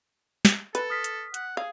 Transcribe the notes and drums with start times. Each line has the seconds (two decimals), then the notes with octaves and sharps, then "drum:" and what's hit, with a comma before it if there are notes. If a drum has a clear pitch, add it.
0.45 drum: snare
0.75 A4 B4, drum: hi-hat
0.90 D#6 F6 B6
1.04 drum: hi-hat
1.34 F#5, drum: hi-hat
1.57 G#4 F5